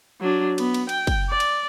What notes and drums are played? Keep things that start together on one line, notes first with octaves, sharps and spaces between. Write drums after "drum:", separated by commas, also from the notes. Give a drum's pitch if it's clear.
F#3 D4
B3, drum: cymbal
drum: cymbal
G5, drum: cymbal
drum: kick, cymbal
D5
drum: cymbal